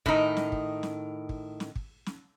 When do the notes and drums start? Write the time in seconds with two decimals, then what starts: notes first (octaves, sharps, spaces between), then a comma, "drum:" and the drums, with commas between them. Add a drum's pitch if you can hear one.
0.06 A2 D#3 D#4, drum: kick
0.37 drum: snare
0.52 drum: kick
0.83 drum: snare
1.29 drum: kick
1.60 drum: snare
1.76 drum: kick
2.06 drum: snare